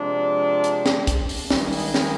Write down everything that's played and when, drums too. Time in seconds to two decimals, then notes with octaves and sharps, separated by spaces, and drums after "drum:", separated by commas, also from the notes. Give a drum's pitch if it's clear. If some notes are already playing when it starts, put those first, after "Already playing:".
Already playing: C3 F3 G#3 D4
0.64 drum: hi-hat
0.86 drum: snare
1.07 drum: kick, hi-hat
1.29 drum: open hi-hat
1.50 G2 D#3 G#3, drum: snare
1.73 drum: open hi-hat
1.94 drum: snare